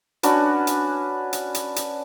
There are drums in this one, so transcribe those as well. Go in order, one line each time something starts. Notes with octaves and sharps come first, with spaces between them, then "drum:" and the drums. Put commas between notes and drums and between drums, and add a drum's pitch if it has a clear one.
C#4 D4 F#4 B4, drum: hi-hat
drum: hi-hat
drum: hi-hat
drum: hi-hat
drum: hi-hat